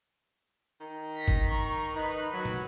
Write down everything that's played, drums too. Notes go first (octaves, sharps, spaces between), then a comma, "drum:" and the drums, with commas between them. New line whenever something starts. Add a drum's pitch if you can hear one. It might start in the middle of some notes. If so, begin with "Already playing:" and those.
D#3
A#6 B6
drum: kick
A#5 C#6
D#4 B4 F#6
F#3
drum: tom